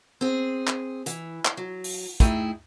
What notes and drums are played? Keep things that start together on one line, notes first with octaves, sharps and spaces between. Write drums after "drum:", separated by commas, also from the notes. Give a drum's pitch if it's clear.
C4 G#4
drum: clap
E3, drum: hi-hat
drum: clap
F#3
drum: open hi-hat
A3 D#4 E4 G#4 G5, drum: kick, hi-hat